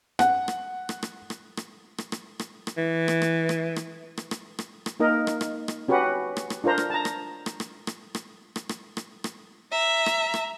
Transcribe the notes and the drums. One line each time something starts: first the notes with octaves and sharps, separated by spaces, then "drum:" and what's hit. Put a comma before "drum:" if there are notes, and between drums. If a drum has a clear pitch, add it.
F#5, drum: rim click
drum: rim click
drum: rim click
drum: rim click
drum: rim click
drum: rim click
drum: rim click
drum: rim click
drum: rim click
drum: rim click
E3
drum: rim click
drum: rim click
drum: rim click
drum: rim click
drum: rim click
drum: rim click
drum: rim click
drum: rim click
A#3 D#4 A#4 D#5
drum: rim click
drum: rim click
drum: rim click
C#4 F#4 G4 B4 F#5
drum: rim click
drum: rim click
D4 F4 A#4 C5 A#5
drum: rim click
A5 A#5
drum: rim click
drum: rim click
drum: rim click
drum: rim click
drum: rim click
drum: rim click
drum: rim click
drum: rim click
drum: rim click
E5 A#5
drum: rim click
drum: rim click